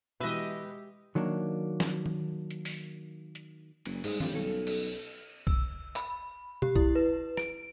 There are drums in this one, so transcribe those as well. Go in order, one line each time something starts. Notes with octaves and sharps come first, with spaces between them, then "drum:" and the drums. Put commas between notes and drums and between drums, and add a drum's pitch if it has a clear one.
B2 E3 G#3 G4 B4 D#5 E5
D#3 F#3 A#3 D4
drum: snare
drum: tom D#3
drum: hi-hat
drum: open hi-hat
drum: hi-hat
F#1, drum: cymbal
G#2 G#3 G#4, drum: cymbal
F2 G3 D4 F4, drum: tom D#3
B1 C#4 A4
drum: cymbal
E6, drum: kick B1
B5, drum: clap
G4, drum: tom B2
E4, drum: kick B1
B4
D7, drum: rim click